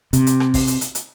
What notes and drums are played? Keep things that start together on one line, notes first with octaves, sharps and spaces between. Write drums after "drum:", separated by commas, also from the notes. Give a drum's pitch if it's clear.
C3, drum: hi-hat
drum: hi-hat
drum: rim click
drum: kick A1, open hi-hat
drum: hi-hat
drum: hi-hat
drum: hi-hat